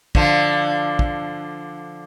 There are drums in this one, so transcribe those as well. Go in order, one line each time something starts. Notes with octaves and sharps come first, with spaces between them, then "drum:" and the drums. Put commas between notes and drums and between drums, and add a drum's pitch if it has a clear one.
D3 F3, drum: kick
drum: kick